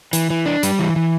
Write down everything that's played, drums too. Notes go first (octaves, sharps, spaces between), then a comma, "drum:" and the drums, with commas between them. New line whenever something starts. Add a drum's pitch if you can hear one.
E3, drum: hi-hat
E3
D4
G3, drum: hi-hat
E3
E3